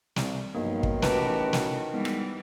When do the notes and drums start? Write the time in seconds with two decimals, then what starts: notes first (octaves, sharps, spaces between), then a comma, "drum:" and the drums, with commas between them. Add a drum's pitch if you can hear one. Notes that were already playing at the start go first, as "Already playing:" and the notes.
0.16 C2, drum: snare
0.55 B1 G2 D#3 F3 A#3
0.83 drum: kick
1.02 A1 F#4 G4 B4 A5, drum: snare
1.53 F#4, drum: snare
1.94 G#2 E3 G3 B3
2.05 drum: rim click